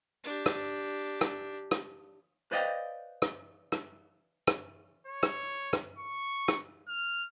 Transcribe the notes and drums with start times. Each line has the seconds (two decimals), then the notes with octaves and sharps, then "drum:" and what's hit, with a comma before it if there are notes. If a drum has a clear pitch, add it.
0.24 D4 G4
0.46 drum: rim click
1.21 drum: rim click
1.71 drum: rim click
2.52 B4 C5 D5 D#5 F5 G5
3.22 drum: rim click
3.72 drum: rim click
4.47 drum: rim click
5.07 C#5
5.23 drum: rim click
5.73 drum: rim click
5.98 C#6
6.48 drum: rim click
6.88 F6